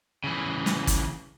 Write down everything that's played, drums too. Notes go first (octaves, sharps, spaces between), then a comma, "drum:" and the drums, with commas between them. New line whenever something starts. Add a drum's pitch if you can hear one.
C#3 E3
drum: snare
drum: kick, hi-hat